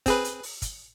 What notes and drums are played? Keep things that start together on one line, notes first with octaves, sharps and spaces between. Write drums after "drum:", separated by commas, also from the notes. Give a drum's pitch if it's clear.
C4 G#4 B4, drum: kick, hi-hat
drum: hi-hat
drum: open hi-hat
drum: kick, hi-hat